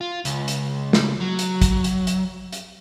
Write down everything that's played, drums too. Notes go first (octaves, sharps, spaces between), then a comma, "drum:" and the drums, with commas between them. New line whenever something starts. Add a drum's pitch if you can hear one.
F4
C#2, drum: hi-hat
drum: hi-hat
drum: snare
F#3
drum: hi-hat
drum: kick, hi-hat
drum: hi-hat
drum: hi-hat
drum: hi-hat